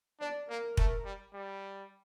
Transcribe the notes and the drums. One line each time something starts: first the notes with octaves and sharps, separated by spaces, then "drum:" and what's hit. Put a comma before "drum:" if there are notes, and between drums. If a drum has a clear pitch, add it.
D4 D5
A#3 A#4
A3, drum: kick
G3
G3